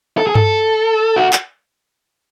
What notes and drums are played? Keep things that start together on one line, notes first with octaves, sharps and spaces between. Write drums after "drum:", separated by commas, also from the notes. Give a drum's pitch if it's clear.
A4
G#4
A4, drum: tom G2
F#4
drum: clap